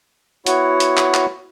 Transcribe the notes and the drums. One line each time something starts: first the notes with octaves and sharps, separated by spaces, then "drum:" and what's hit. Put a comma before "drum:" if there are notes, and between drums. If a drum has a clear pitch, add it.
B3 E4 F#4 C#5 F#5, drum: hi-hat
drum: hi-hat
drum: clap
drum: clap